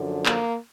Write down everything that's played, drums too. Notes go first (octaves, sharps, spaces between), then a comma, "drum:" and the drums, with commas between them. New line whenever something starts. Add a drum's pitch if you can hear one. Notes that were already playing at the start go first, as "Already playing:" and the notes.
Already playing: F#2 D3 F3
A#3, drum: clap